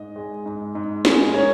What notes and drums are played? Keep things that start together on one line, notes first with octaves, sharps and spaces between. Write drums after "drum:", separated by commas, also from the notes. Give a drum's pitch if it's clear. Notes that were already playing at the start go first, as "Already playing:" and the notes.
Already playing: G#2 D#5
G#3
G#2
G#2
G#3, drum: snare
A#3 C#5